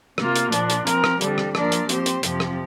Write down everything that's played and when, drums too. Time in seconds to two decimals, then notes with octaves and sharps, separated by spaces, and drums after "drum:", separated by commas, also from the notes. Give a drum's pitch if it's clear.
0.18 C3 A#3 F4, drum: rim click
0.36 drum: hi-hat
0.52 A#2 F3 D4, drum: hi-hat
0.70 drum: hi-hat
0.87 F3 C4 A#4, drum: hi-hat
1.04 drum: rim click
1.21 F2 D3 G3, drum: hi-hat
1.38 drum: rim click
1.55 A#2 F3 D4 A#4 D5, drum: rim click
1.72 drum: hi-hat
1.89 F3 C4 G4 C5, drum: hi-hat
2.06 drum: hi-hat
2.23 F2 C3 F3 C4 G4, drum: hi-hat
2.40 drum: rim click